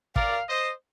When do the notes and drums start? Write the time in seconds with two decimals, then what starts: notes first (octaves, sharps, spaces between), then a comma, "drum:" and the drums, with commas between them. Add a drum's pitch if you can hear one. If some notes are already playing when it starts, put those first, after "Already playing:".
0.16 A#4 D5 F5, drum: kick
0.48 C5 D#5